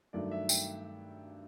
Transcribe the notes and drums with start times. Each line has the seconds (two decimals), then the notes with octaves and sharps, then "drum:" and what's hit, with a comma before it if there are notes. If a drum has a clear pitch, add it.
0.13 G2 D#3 F#3 A3 D5
0.31 E5
0.49 G5, drum: tambourine